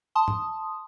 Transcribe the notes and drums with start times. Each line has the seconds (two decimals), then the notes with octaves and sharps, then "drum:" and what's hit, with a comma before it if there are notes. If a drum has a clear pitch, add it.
0.15 A5 C6 D#6
0.28 drum: tom